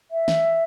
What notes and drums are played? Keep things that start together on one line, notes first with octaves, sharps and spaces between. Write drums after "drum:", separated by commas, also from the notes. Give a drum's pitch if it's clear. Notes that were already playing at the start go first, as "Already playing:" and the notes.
E5
drum: snare